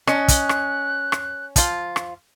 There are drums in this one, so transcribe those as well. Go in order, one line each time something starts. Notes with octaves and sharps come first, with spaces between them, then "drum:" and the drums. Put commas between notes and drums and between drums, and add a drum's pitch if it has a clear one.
C#4 D#5 F#6, drum: rim click
drum: kick, hi-hat
drum: rim click
drum: rim click
F3 F4, drum: kick, hi-hat
drum: rim click